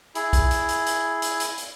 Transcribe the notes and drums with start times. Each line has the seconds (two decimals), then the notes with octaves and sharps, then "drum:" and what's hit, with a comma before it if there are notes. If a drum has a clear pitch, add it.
0.15 E4 G#4, drum: hi-hat
0.33 drum: kick, hi-hat
0.51 drum: hi-hat
0.69 drum: hi-hat
0.86 drum: hi-hat
1.22 drum: hi-hat
1.40 drum: hi-hat
1.58 drum: hi-hat